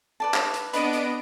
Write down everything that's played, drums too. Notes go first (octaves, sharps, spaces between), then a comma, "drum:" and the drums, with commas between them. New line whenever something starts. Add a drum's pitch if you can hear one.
B4 D5 A5
drum: clap
drum: hi-hat
B3 C4 D4 D#5 B5 D7, drum: hi-hat
drum: hi-hat